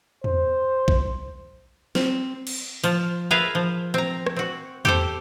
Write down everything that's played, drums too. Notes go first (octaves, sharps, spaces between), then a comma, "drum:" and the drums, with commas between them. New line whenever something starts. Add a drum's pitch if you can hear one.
C5, drum: tom E2
drum: kick A#1
C4, drum: snare
drum: cymbal
F3 F4, drum: hi-hat
F4 G#4 A#4 B4 E5 F5
F3
C4 A#5
drum: rim click
C4 F#4
G4 A4 C5, drum: tom E2